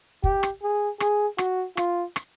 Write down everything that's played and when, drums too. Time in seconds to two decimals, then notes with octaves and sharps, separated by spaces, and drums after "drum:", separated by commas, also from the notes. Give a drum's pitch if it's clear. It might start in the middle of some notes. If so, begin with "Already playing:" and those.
0.24 G4, drum: kick
0.43 drum: rim click
0.63 G#4
1.00 G#4, drum: rim click
1.38 F#4, drum: rim click
1.77 F4, drum: rim click
2.16 drum: rim click